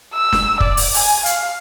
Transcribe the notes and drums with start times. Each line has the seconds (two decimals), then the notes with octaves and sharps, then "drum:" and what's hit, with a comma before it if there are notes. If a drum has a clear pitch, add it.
0.14 E6
0.33 drum: snare
0.60 D5, drum: kick
0.77 drum: open hi-hat
0.94 G#5, drum: open hi-hat
1.26 F5, drum: hi-hat